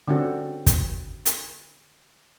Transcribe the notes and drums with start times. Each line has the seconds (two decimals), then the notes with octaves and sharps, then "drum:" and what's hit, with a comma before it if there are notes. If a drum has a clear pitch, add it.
0.08 D3 C4 C#4 F#4 A4
0.67 drum: kick, hi-hat
1.26 drum: hi-hat